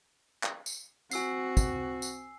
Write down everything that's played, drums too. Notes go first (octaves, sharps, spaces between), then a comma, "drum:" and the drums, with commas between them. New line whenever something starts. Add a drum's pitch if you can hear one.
drum: clap
drum: tambourine
C4 F#4 G#5 E6 C7, drum: tambourine
drum: kick, tambourine
drum: tambourine